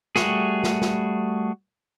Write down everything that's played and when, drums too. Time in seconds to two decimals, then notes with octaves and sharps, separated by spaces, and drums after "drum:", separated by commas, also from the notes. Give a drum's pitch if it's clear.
0.16 G3 A3 F#4 G#4, drum: snare
0.64 drum: snare
0.82 drum: snare